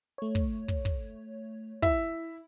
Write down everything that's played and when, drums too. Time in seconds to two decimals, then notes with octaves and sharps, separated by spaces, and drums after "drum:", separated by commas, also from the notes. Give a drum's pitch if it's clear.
0.18 A3 C#5
0.35 drum: kick
0.68 drum: kick
0.85 drum: kick
1.82 E4 E5, drum: kick